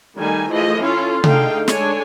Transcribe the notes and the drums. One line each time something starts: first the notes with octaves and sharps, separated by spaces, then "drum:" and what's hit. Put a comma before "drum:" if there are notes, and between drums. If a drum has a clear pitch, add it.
D#3 G3 A3 G#5
E3 F3 A3 G#4 A4 D#5
C#4 E4 F4 A4 F5
D3 A3 D#4 G#4 F5 G5, drum: tom C3
G#3 D4 A4 C#5 G#5, drum: snare